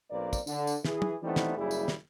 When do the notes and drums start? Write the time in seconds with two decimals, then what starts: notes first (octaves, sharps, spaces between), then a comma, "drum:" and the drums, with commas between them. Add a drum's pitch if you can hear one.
0.11 B1 A#3 C4 B4 D5
0.33 drum: kick, tambourine
0.47 D3, drum: tambourine
0.67 drum: tambourine
0.85 E3 G#4, drum: snare
1.02 drum: tom
1.23 E3 G3 A3 B3 C4 D#4
1.36 drum: snare
1.58 F#1 D#2 G3 E4 G#4
1.71 drum: tambourine
1.88 drum: snare